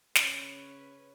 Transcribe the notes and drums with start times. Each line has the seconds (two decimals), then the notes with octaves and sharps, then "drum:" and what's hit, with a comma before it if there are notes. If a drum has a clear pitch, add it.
0.15 C#3 C#4 B4, drum: snare